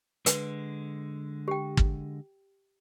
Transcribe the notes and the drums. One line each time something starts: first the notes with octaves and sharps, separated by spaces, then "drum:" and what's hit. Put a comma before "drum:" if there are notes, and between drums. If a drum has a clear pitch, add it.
D3 G#3 B4, drum: hi-hat
G4 G5
drum: kick